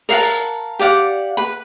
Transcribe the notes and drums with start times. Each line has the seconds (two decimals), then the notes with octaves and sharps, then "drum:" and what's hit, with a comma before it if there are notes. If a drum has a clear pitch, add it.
0.09 A#4 F5 F#5 A5, drum: open hi-hat
0.79 G4 D5 F5 F#5
1.37 B4 B5